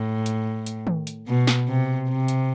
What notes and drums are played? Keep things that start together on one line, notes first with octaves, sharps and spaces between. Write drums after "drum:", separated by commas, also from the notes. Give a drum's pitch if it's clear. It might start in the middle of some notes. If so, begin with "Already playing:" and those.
Already playing: A2
drum: hi-hat
drum: hi-hat
drum: tom D#3
drum: hi-hat
B2
drum: snare
C3
C3
drum: hi-hat